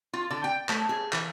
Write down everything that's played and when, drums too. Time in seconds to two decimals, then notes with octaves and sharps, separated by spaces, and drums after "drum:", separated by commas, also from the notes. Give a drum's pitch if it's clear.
0.13 F4
0.30 D3
0.44 G5
0.69 A3, drum: clap
0.89 G#4
1.13 E3, drum: clap